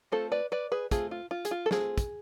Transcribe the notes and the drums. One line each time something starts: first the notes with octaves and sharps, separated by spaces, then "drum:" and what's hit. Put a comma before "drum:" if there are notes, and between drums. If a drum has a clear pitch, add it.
A3 C4 F4 A4 C5
B4 D5
B4 D5
G#4 B4
A3 C4 F4 G#4, drum: kick, hi-hat
F4
F4
G#4, drum: hi-hat
F4
A4
A3 C4 F4 G#4, drum: snare
drum: kick, hi-hat